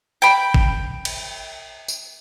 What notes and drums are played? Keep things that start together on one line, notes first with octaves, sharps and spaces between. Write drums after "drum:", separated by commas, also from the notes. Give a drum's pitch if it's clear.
G5 B5
drum: kick G#1
drum: cymbal
drum: tambourine